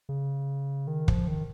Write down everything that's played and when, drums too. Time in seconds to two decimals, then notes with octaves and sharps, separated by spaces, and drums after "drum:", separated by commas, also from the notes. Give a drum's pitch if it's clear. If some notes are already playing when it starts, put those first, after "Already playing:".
0.09 C#3
0.87 D#3
1.08 F3, drum: kick
1.28 D#3